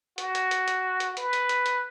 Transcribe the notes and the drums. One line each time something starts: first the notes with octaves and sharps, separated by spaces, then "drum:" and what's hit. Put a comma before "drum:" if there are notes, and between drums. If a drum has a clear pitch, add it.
F#4, drum: hi-hat
drum: hi-hat
drum: hi-hat
drum: hi-hat
drum: hi-hat
B4, drum: hi-hat
drum: hi-hat
drum: hi-hat
drum: hi-hat